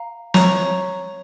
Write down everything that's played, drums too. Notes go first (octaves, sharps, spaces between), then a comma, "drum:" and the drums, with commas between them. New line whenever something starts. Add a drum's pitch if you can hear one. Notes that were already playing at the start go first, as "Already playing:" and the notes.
Already playing: F5 A#5
C#5 A#5 C#6, drum: snare